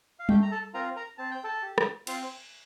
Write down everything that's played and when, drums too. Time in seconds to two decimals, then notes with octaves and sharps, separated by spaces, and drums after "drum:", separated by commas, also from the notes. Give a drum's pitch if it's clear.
0.19 F5
0.29 A3 G4 G5, drum: tom G3
0.42 A#5
0.51 A4 A5
0.74 C4 F4 A#4 A#5
0.96 A#4 A#5
1.18 C4 A5
1.31 G5
1.44 A4 A5
1.63 G4
1.78 drum: rim click
2.07 C4 F4 F5, drum: cymbal